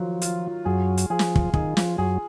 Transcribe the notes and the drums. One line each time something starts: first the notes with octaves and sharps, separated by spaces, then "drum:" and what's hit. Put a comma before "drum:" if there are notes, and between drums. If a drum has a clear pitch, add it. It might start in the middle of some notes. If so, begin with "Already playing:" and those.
Already playing: D#3 F3 F#3
F4, drum: hi-hat
F#2 F#3 G#4
drum: hi-hat
F3 G#4
drum: snare
drum: kick
D#3 G#4, drum: kick
F3, drum: snare
F#2 F#3 G#4